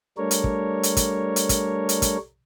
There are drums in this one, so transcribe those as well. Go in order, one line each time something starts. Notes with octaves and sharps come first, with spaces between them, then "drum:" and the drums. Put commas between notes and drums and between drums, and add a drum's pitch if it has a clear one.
G3 A3 D4 A#4 C#5
drum: hi-hat
drum: kick
drum: hi-hat
drum: kick, hi-hat
drum: hi-hat
drum: kick, hi-hat
drum: hi-hat
drum: kick, hi-hat